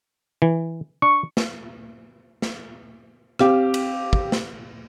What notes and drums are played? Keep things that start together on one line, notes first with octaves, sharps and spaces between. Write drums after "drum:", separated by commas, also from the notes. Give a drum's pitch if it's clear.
E3
D4 C#6
drum: snare
drum: snare
C4 G4 F5, drum: rim click
drum: cymbal
drum: kick
drum: snare